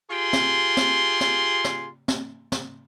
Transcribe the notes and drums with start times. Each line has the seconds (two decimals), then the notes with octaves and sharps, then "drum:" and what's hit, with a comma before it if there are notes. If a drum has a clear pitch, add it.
0.11 F4 G4 G#4 C6
0.33 drum: snare
0.77 drum: snare
1.21 drum: snare
1.64 drum: snare
2.08 drum: snare
2.52 drum: snare